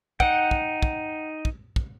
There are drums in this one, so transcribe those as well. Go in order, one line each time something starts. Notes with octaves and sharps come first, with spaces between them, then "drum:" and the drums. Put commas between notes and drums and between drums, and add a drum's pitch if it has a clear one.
D#4 F#5 G5, drum: kick
drum: kick
drum: kick
drum: kick
drum: kick